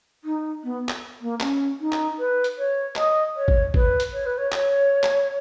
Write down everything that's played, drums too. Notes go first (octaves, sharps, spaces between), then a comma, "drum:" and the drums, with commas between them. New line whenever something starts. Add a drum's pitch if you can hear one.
D#4
B3
drum: clap
A#3
C#4, drum: clap
D#4
drum: clap
B4
drum: hi-hat
C#5
D#5, drum: clap
C#5
drum: kick
B4, drum: kick
drum: hi-hat
C#5
B4
C#5
C#5, drum: clap
drum: clap